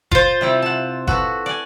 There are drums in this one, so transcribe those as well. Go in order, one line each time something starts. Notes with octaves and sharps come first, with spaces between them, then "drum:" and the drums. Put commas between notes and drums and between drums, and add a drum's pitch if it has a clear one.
F4 C5, drum: kick F#1
C3 G3 E4
F#5 A5
F#4 A4 B4, drum: kick F#1
D5 F#5 G#5